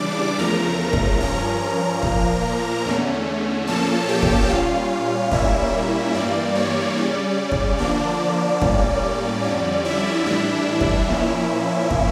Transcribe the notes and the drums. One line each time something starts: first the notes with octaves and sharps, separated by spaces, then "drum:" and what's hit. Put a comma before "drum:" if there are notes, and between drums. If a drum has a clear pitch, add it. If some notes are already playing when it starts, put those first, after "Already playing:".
Already playing: C#3 E3 G3 D4 D5 D6
E2 C#3 F3 A3 A#4 A#5
drum: kick
G2 F3 C#4 A#4 A#5
A#2 F3 A#3, drum: kick
E2 D3 A3 C#4
A#2 F3 A#3 C#4 A4 A5
G4 G5
drum: kick
A#2 G3 C#4 F4 F5
A#2 G3 A#3 C#4 E4 E5, drum: kick
G2 E3 G3 A#3 D5
C#5
C#3 G3 C#4 D5
drum: kick
D3 F3 A#3 D4 D5
A2 G3 A#3 C#4, drum: kick
F2 D3 G3 C#4 D5
E4 E5
A2 E3 G3 D4 E4 E5
drum: kick
A#2 F3 A#3 C#4
drum: kick